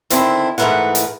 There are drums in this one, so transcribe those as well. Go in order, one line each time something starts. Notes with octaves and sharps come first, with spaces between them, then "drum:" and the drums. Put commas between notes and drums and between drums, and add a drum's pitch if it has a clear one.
D3 D#3 C4 D4 E4, drum: hi-hat
G#2 E3 A3 A#4 B4 F#5
drum: hi-hat